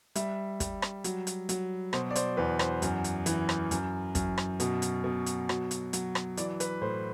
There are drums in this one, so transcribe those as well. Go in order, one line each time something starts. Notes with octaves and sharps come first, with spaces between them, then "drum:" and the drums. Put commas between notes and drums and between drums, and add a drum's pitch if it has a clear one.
G3 E5, drum: hi-hat
G3, drum: kick, hi-hat
drum: rim click
F#3, drum: hi-hat
drum: hi-hat
F#3, drum: hi-hat
B2 C5, drum: rim click
D5
C5, drum: hi-hat
E2 B4
C5, drum: rim click
F#2, drum: hi-hat
drum: hi-hat
E3, drum: hi-hat
drum: rim click
F#2, drum: hi-hat
F#2, drum: kick, hi-hat
drum: rim click
B2, drum: hi-hat
drum: hi-hat
B2
drum: hi-hat
F#3, drum: rim click
drum: hi-hat
F#3, drum: hi-hat
drum: rim click
E3 D5, drum: hi-hat
B4, drum: hi-hat
A2 C5